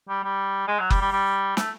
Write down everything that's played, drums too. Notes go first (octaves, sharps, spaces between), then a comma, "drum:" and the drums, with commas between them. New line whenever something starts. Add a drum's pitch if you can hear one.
G3
G3
G#3
F#3
G3, drum: kick F#1
G3
G3
A3, drum: snare